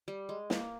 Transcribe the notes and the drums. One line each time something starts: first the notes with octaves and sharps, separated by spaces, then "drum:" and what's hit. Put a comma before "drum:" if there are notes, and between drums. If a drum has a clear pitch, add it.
G3
G#3
A#3, drum: snare